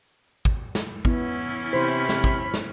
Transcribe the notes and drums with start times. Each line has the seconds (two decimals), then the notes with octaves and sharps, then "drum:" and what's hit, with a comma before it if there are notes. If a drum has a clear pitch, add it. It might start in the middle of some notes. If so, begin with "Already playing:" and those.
0.45 drum: kick
0.75 drum: snare
1.05 E3 B3 C#4 E4, drum: kick
1.73 C3 E4 C5 B5
2.09 drum: snare
2.24 drum: kick
2.54 drum: snare